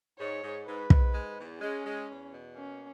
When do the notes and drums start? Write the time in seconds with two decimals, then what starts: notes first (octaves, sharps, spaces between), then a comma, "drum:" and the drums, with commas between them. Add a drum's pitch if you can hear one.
0.18 G#2 C#5
0.42 G#2
0.66 G#2 B4
0.90 G#2, drum: kick
1.13 G#3
1.37 E2
1.60 G#3 C#4
1.85 G#3
2.09 E2
2.32 B2
2.56 A#3 C#4